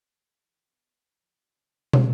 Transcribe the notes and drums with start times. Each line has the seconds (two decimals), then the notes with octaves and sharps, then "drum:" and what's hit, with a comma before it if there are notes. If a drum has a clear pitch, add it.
0.23 B6
0.45 E3
0.70 B3
1.04 C5
1.23 F3
1.36 F#4
1.55 C#3
1.93 drum: tom